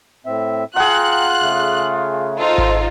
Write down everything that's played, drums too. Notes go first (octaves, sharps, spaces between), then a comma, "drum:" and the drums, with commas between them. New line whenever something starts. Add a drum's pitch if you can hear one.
A2 C4 E5
F4 G#4 F#5 G5 A#5 F#6
C#3 A3
D#4 F4 A4 C5
drum: kick G#1